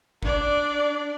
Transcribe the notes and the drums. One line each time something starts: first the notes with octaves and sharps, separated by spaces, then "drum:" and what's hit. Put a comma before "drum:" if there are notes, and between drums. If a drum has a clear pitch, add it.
D4 D5, drum: kick